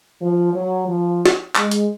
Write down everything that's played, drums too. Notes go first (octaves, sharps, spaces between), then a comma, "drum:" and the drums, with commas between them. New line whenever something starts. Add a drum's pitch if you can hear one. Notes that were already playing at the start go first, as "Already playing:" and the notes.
F3
F#3
F3
drum: snare
G#3, drum: clap
drum: hi-hat